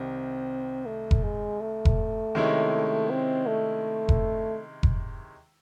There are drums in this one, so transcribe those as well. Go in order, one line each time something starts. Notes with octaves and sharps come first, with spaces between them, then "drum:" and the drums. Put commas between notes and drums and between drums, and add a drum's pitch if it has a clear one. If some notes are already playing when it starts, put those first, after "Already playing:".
Already playing: C2 C3 D#3 C4
A3
drum: kick F1
G#3
A3
drum: kick F1
C3 D#3 G#3 C#4 E4
C4
A3
drum: kick F1
drum: kick F1